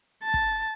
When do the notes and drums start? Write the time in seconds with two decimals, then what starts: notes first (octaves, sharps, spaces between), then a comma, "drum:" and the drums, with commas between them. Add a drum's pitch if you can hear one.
0.24 A5
0.34 drum: kick